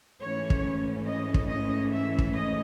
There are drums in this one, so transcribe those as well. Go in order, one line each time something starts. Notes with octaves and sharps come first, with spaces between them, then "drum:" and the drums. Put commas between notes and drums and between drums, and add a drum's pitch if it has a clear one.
G#2 E3 A3 C#4 C#5
drum: kick
D#5
drum: kick
D#5
E5
drum: kick
D#5